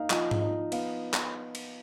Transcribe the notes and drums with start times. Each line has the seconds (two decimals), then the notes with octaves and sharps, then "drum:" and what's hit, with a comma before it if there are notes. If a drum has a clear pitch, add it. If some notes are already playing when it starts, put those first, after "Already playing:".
Already playing: A#3 D#4 F5
0.10 F3 D#5, drum: clap
0.31 drum: tom G#2
0.41 D#4
0.72 B3 F5, drum: cymbal
1.14 drum: clap
1.55 drum: cymbal